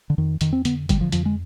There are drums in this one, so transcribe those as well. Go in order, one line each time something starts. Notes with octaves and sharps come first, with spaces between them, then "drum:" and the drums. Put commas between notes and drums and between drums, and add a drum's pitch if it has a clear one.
D3
F2 D#3
F2 D#3, drum: hi-hat
C4
D3 B3, drum: hi-hat
D3 G3, drum: kick, hi-hat
F3
F2 F3, drum: hi-hat
G#3